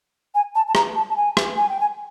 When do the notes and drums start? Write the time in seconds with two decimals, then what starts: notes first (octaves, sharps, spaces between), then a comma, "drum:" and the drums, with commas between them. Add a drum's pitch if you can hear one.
0.35 G#5
0.55 A5
0.68 A5
0.75 A#5, drum: rim click
0.96 A5
1.09 A5
1.16 G#5
1.37 drum: rim click
1.57 G#5
1.69 G5
1.80 G#5